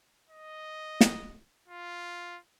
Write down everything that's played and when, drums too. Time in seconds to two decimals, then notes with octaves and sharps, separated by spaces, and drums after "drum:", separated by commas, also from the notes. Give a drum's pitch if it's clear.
0.29 D#5
1.01 drum: snare
1.68 F4